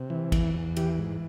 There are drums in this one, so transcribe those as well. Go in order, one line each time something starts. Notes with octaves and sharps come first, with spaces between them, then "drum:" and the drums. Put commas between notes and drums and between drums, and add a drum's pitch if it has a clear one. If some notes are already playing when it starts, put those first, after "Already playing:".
Already playing: C3
E3
E2, drum: kick, cymbal
E2
E3 G4, drum: cymbal
G#2